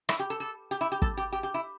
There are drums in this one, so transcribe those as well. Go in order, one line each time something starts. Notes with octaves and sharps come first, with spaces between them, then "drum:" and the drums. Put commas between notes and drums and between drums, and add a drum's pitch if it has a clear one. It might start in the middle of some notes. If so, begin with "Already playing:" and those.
E4, drum: rim click
G4
A4
A4
G4
E4
G4
A4, drum: kick
G4
G4
G4
E4